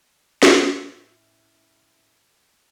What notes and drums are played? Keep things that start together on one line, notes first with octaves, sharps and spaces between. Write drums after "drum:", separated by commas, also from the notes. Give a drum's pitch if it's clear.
drum: snare
A2 C#4 E4